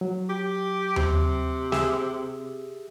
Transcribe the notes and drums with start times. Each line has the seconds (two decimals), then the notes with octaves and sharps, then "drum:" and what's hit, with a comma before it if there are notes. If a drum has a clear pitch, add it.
0.01 F#3
0.29 G4
0.96 C3, drum: tom D#2
1.72 G4 G#4 E5, drum: snare